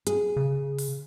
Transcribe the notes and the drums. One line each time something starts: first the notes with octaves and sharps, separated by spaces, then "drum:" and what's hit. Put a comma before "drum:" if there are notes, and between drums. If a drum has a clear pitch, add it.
G#4, drum: hi-hat
C#3
drum: open hi-hat